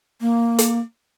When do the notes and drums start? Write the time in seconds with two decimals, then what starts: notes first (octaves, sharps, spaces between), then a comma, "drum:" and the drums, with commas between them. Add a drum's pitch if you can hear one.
0.21 A#3
0.58 drum: hi-hat